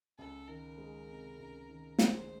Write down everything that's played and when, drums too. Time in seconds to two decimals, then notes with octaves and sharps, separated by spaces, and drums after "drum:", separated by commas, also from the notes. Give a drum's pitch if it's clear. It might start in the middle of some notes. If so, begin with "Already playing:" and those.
0.18 C#2 A4
0.48 D#3 A#4
0.78 G#3
1.09 C3
1.39 C#2
1.69 D#3
1.99 G#3 C5, drum: snare